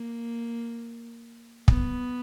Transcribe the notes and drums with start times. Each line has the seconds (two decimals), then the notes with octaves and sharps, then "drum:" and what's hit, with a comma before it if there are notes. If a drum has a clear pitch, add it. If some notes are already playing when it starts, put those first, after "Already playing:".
Already playing: A#3
1.68 B3, drum: kick